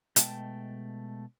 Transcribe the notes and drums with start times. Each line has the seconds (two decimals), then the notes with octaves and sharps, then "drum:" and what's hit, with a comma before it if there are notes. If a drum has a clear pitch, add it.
0.16 B2 G#3 A3 G5 A5, drum: hi-hat